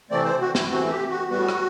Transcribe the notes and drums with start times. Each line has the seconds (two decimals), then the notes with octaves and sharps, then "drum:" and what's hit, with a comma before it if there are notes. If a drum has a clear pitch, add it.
0.10 C3 E3 A3 C4 D5
0.25 C5
0.41 F#4
0.55 E4, drum: snare
0.70 C3 E3 A3 C4 F#4
0.90 G4
1.10 F#4
1.29 A2 G3 B3 F#4
1.49 drum: rim click